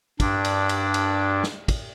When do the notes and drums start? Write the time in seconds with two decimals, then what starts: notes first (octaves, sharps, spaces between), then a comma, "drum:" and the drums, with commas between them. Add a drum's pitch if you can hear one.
0.20 G2 D4, drum: kick, cymbal
0.45 drum: cymbal
0.69 drum: cymbal
0.94 drum: cymbal
1.44 drum: snare
1.68 drum: kick, cymbal